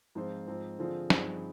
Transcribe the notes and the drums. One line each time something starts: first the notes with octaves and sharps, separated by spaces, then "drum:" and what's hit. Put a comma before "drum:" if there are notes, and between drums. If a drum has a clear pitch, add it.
G#2 F3 C4 F4 C5
G#2 F3 C4
D3 F3 C4 F4 G#4
G2 F3 C4 D#4 G#4, drum: snare